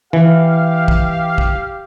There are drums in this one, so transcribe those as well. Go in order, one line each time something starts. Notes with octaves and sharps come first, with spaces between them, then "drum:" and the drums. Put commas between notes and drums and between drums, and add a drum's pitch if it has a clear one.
E3 G4 F5
drum: kick
drum: kick